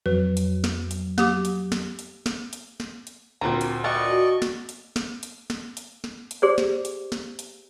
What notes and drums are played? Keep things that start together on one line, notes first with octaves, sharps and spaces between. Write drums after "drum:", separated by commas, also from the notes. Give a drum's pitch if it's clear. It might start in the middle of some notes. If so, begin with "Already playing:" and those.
F2 F#3 B4
drum: hi-hat
drum: snare
drum: hi-hat
A#3 G4 D6, drum: snare
drum: hi-hat
drum: snare
drum: hi-hat
drum: snare
drum: hi-hat
drum: snare
drum: hi-hat
D2 A#2 C4 B4 A#5
drum: hi-hat
G3 A3 D5 D#5 F#5 C#6
F#4
drum: snare
drum: hi-hat
drum: snare
drum: hi-hat
drum: snare
drum: hi-hat
drum: snare
drum: hi-hat
G4 G#4 C5 D5
drum: snare
drum: hi-hat
drum: snare
drum: hi-hat